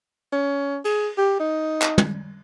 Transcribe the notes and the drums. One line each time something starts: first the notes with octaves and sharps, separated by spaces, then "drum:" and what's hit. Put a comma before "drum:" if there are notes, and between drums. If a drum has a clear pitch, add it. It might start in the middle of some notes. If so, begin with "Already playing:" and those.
C#4
G#4, drum: cymbal
G4
D#4
drum: clap
drum: tom